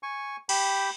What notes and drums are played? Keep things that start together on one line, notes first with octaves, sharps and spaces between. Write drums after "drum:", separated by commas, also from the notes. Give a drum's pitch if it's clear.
G#5 C#6
G4 G5 B5, drum: cymbal